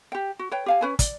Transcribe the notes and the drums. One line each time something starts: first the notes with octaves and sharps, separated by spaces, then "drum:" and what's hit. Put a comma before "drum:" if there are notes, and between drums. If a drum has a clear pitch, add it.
G4 G5
F#4
B4 C#5 G5
G4 F5 G#5
C#4 B4 G#5
D5, drum: kick, hi-hat